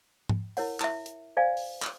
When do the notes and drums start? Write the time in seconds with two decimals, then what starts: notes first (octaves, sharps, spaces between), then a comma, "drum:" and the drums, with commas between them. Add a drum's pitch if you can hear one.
0.29 drum: tom G#2
0.57 E4 A#4 C#5 F#5, drum: open hi-hat
0.80 E4 E5, drum: clap
1.06 drum: hi-hat
1.37 C5 D5 F5 G#5
1.57 drum: open hi-hat
1.82 drum: clap